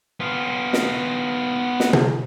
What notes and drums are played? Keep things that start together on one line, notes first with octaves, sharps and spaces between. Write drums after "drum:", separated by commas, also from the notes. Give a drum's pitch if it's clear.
B3 F4
drum: snare
drum: snare
drum: tom